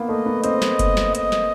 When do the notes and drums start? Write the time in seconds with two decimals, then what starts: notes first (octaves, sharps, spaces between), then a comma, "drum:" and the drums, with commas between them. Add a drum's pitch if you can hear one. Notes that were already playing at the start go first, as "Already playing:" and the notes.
Already playing: A#3 B3
0.09 A3 D#5
0.26 B3
0.44 C4 D#5, drum: hi-hat
0.62 drum: snare
0.79 drum: kick F#1, hi-hat
0.97 drum: snare
1.15 D#5, drum: hi-hat
1.32 drum: snare